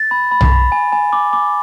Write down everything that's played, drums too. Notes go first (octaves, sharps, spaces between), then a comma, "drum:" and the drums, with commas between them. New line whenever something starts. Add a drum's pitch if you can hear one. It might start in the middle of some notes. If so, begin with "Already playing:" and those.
Already playing: A6
B5
B5
drum: tom B1
B5
G#5
G#5
D6
D6